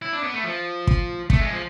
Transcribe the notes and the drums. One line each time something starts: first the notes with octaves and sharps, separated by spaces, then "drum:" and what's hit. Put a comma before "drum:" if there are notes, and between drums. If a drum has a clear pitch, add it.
E4
D4
B3
A3
F3
drum: kick
A3, drum: kick
G#3
F3